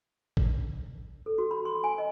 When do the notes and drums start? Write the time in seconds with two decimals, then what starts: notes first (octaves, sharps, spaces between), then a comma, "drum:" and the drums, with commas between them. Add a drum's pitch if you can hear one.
0.37 drum: kick A1
1.26 A4
1.38 F#4
1.51 B5
1.65 C6
1.84 G#5
1.98 D#5